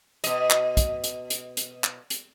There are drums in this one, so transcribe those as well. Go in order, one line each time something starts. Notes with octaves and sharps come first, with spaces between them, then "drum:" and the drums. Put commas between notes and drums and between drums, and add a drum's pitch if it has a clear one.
B2 D#5, drum: hi-hat
drum: clap
drum: kick, hi-hat
drum: hi-hat
drum: hi-hat
drum: hi-hat
drum: clap
drum: hi-hat